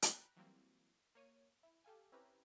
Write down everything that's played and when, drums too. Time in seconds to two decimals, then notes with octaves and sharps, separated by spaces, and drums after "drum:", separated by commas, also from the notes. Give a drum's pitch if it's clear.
0.02 G5 A#5 B5 F#6, drum: hi-hat
0.36 E3 F#3 G3 A#3 C4
1.15 A#3 C#5 D#7
1.63 E4
1.84 G4 A4 F5 G#5
2.12 C4 C#4 E4 G4 B4 A#5